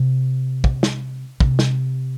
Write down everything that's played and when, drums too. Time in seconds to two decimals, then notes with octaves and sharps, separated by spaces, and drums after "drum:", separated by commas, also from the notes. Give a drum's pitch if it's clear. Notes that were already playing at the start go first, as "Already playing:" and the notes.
Already playing: C3
0.64 drum: kick
0.83 drum: snare
1.40 C3, drum: kick
1.59 drum: snare